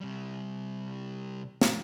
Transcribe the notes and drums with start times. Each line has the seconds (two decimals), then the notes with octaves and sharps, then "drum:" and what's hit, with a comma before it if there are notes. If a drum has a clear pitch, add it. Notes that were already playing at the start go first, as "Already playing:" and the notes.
0.01 C3 G3
1.61 drum: snare